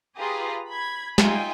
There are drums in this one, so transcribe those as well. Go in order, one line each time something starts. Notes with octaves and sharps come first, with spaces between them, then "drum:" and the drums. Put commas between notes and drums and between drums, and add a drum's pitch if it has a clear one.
F4 G4 G#4 B4 A#5 D#6
B5 G#6
D#4 F4 G#4 E5 G5 G#5, drum: snare